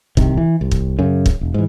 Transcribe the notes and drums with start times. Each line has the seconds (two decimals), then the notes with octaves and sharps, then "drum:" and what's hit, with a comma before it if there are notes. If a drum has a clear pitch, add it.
0.17 D1 C2 C3 D#3, drum: kick
0.37 E3
0.61 C2
0.71 drum: kick
0.99 F#2 C#3
1.26 drum: kick
1.41 E1
1.54 G#2 E3